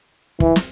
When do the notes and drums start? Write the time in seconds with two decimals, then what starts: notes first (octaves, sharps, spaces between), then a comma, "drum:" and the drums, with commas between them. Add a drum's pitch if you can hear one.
0.40 E3, drum: kick
0.56 drum: snare